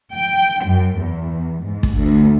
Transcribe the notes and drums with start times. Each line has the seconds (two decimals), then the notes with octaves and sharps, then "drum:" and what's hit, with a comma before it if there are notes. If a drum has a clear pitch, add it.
0.12 G5
0.65 F#2
0.99 E2
1.63 G#2
1.83 drum: kick
1.96 D2